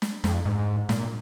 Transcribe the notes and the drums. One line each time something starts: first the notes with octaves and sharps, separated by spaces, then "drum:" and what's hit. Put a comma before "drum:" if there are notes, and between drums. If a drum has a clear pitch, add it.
drum: snare
F2, drum: snare
G#2
A#2, drum: snare